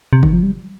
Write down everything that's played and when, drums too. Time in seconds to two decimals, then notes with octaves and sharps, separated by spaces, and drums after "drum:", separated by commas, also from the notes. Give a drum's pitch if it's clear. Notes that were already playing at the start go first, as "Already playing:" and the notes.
0.13 C3
0.23 D#3, drum: kick G1
0.33 F3
0.43 G3